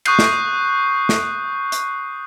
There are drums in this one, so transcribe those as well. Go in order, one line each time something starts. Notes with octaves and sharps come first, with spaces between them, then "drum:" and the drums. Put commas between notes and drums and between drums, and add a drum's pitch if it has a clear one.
C#6 D#6 F#6 G6 C7, drum: cymbal
drum: snare
drum: snare
drum: hi-hat